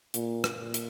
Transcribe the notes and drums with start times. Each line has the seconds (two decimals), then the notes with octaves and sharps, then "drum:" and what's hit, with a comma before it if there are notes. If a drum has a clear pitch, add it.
0.14 A#2, drum: hi-hat
0.44 drum: rim click
0.60 A#2
0.74 drum: hi-hat